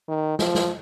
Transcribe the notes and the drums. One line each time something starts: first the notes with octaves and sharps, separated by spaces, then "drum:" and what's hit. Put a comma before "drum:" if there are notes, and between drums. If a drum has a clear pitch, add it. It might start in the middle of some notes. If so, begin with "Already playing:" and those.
D#3
F3, drum: snare
drum: snare